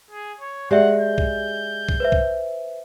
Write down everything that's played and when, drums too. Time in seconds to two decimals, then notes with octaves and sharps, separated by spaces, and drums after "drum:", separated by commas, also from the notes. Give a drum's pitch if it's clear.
0.11 G#4
0.41 C#5
0.71 G#3 G4 D5 E5 F#5
1.01 G6
1.18 drum: kick B1
1.89 drum: kick B1
2.00 B4 C5 E5
2.12 drum: kick B1